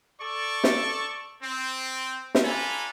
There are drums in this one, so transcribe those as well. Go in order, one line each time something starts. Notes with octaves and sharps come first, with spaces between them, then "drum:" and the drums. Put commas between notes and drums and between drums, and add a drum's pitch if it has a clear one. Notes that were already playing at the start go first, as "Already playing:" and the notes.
A4 D5 C#6
drum: snare
C4
drum: snare
D4 F4 A4 G#5 A#5 B5